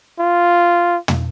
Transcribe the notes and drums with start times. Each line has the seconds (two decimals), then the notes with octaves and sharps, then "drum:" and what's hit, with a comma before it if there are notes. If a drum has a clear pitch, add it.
0.20 F4
1.08 drum: tom